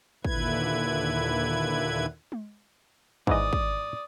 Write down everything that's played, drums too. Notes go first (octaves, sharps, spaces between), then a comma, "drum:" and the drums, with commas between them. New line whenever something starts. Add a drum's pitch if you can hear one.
D#2 A#2 D3 E4 B4 G#6, drum: kick
drum: tom G#3
G#2 E3 D5 D#5 D#6, drum: kick
drum: kick